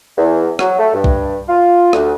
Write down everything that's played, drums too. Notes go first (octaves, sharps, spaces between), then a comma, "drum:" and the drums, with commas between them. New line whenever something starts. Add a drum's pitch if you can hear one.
E2
F#3, drum: rim click
A3
G2
drum: kick B1
F4
D2, drum: rim click